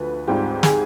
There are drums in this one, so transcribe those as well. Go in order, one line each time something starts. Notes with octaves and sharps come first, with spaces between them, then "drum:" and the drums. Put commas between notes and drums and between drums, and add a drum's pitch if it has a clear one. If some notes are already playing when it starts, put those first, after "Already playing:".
Already playing: D2 F3 B4
G#2 G3 C4 F4 G4
G#4, drum: snare